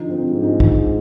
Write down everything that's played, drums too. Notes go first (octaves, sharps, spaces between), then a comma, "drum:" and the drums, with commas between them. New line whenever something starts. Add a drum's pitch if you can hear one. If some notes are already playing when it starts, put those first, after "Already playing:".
Already playing: D3 F3 D#4
C4
G#2 F3
D#4
drum: kick